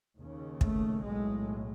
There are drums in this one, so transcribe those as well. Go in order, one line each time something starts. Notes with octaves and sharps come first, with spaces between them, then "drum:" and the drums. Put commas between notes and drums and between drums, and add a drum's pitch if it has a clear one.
D#2 C#3
A3, drum: kick
B1 A2 G#3